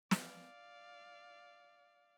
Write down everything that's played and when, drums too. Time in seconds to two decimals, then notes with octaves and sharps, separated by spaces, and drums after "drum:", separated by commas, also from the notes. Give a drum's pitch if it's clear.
0.11 D5 F5, drum: snare